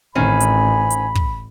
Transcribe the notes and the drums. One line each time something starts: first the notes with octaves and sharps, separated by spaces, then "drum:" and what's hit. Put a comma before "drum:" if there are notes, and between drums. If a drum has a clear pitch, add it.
A1 D#3 C4 C#4 G#5 B5
drum: hi-hat
drum: hi-hat
drum: kick